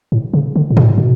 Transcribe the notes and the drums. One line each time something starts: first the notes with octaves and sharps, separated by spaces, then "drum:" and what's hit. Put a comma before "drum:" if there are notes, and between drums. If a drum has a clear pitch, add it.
A2
C#3
D3
A2
G#2, drum: tom
B2